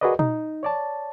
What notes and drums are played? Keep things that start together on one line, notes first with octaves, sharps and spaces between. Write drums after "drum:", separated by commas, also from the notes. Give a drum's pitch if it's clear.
F#4 G#4 A#4 B4 D5 D#5
D#4, drum: tom A#2
C#5 D5 A5